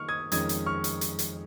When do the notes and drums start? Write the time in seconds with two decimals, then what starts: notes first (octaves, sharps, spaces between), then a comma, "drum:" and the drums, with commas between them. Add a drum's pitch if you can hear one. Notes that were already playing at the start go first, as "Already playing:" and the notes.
Already playing: D#3 A#3 C#6 F6
0.09 D#6 G#6
0.32 F2 D#3 G#3 C#4 D#6 G#6, drum: hi-hat
0.49 drum: hi-hat
0.66 C#6 F6
0.84 drum: hi-hat
1.01 drum: hi-hat
1.19 drum: hi-hat